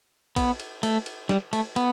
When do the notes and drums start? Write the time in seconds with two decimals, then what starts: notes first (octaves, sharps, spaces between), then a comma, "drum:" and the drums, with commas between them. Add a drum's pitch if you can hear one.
0.36 B3, drum: kick, cymbal
0.60 drum: cymbal
0.83 A3, drum: cymbal
1.06 drum: cymbal
1.29 G3, drum: snare
1.53 A3, drum: cymbal
1.76 B3, drum: cymbal